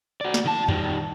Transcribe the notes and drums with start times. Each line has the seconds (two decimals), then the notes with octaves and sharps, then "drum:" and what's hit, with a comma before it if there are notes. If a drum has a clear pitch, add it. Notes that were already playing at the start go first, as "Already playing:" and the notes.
0.21 F#4 D5
0.34 drum: snare
0.45 D#3 A5
0.68 D#3 G3, drum: tom F2